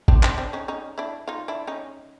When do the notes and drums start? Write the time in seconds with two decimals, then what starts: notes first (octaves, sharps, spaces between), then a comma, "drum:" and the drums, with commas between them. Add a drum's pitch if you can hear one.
0.08 C4 D4, drum: kick
0.23 C4 D4, drum: clap
0.38 C4 D4
0.53 C#4 D#4
0.68 C#4 D#4
0.98 D4 E4
1.28 D#4 F4
1.48 D4 E4
1.67 C#4 D#4